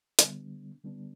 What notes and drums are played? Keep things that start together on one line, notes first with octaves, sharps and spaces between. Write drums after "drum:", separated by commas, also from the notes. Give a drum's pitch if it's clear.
D3 G3 B3 D4, drum: hi-hat
D3 G3 B3 D4